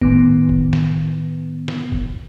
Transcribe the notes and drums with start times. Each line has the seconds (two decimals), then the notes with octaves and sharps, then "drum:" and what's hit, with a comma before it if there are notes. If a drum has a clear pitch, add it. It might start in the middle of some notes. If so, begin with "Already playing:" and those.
0.01 A2 D#3 B3, drum: kick F1
0.49 drum: kick F1
0.73 drum: snare
1.68 drum: snare
1.92 drum: kick F1